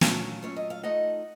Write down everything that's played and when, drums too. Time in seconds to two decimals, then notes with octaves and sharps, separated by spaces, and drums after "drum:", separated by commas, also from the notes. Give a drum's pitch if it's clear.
0.01 A#2 F#3 A3 C#4 F5 A5, drum: snare
0.42 A#2 F#3 A3 C#4 C#5
0.56 D#5
0.70 F5
0.83 F3 A3 D#4 D#5 F#5